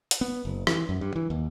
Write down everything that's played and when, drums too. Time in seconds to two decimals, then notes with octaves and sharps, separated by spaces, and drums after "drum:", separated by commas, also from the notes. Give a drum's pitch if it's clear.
0.11 drum: hi-hat
0.21 B3
0.45 F#1
0.67 E3, drum: rim click
0.89 F#2
1.01 G2
1.16 E3
1.30 D#2